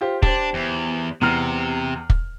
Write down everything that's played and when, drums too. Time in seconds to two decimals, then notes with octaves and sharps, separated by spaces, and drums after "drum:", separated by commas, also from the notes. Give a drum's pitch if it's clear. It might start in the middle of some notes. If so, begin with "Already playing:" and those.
0.01 F4 G4 C5
0.22 D4 G4 C5, drum: kick
0.54 E2
1.21 E2 C3 A#5 F6
2.10 drum: kick